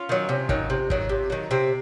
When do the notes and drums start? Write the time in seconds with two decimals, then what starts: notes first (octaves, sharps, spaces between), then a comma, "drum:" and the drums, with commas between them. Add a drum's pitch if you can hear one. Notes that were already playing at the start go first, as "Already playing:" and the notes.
Already playing: C#4 F4
0.09 D#3 F#3
0.29 C3
0.49 D#3 F#3, drum: kick G#1
0.70 C3
0.90 D#3 F#3, drum: kick G#1
1.09 C3
1.30 D#3 F#3
1.51 C3 C4